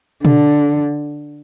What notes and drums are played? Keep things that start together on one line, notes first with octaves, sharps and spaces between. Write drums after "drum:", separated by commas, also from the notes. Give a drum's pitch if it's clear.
D3, drum: tom B2